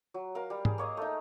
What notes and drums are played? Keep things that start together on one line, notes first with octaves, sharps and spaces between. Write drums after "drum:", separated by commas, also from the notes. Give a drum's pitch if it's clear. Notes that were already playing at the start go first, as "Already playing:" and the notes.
F#3
A#4 F5
G3
G#4, drum: tom G#2
A#3 C#5 D#5
A3 D#4